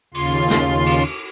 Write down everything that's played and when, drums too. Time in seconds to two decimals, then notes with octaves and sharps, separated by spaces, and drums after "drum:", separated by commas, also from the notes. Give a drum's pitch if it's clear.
0.14 D#2 C#3 F4 C6, drum: cymbal
0.50 drum: snare
0.86 drum: cymbal